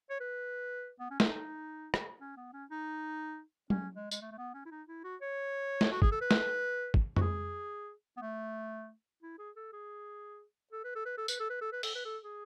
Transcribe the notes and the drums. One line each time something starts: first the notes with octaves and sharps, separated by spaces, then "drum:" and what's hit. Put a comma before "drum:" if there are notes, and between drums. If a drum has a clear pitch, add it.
C#5
B4
B3
C#4
D#4, drum: snare
drum: rim click
C#4
B3
C#4
D#4
C#4, drum: tom F#3
G#3
G#3, drum: tambourine
A3
A3
B3
C#4
E4
D#4
E4
F#4
C#5
drum: snare
F#4
G#4, drum: kick
A4
B4
drum: snare
drum: kick
F#4, drum: tom F2
G#4
B3
A3
E4
G#4
A4
G#4
A4
B4
A4
B4
A4
B4, drum: tambourine
A4
B4
A4
B4
A4, drum: open hi-hat
B4
A4
G#4